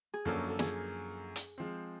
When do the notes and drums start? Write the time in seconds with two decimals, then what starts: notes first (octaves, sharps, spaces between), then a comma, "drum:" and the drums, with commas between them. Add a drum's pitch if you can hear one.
0.14 G#4
0.25 F#2 D3 F3 A#3 C#4 A4
0.50 A4
0.59 G#4, drum: snare
1.36 drum: hi-hat
1.58 F3 G#3 C4